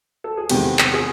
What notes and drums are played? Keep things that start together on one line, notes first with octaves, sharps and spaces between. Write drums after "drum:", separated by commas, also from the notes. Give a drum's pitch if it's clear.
A4
G#4
E2 C3 D#3 G#3 G4, drum: cymbal
drum: clap
G#4